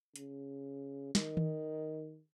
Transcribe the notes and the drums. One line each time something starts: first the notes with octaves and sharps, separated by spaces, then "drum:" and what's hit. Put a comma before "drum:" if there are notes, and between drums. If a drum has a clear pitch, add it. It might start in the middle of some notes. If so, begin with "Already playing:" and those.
C#3, drum: hi-hat
D#3, drum: snare
drum: tom D#3